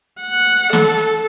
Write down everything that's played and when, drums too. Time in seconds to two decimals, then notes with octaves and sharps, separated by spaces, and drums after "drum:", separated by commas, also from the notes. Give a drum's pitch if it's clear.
0.22 F#5
0.73 A4, drum: snare
0.98 drum: hi-hat